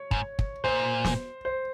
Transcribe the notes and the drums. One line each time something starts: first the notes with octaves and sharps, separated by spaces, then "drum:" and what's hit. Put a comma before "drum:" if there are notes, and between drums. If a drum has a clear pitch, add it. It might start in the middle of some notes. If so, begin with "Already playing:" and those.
Already playing: C#5
G#2, drum: kick
drum: kick
A#2 C5
drum: snare
C5